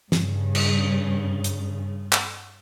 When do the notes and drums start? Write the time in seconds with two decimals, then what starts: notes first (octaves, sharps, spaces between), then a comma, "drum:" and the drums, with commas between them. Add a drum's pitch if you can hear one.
0.12 G2 C#3, drum: snare
0.55 drum: cymbal
1.44 drum: hi-hat
2.12 drum: clap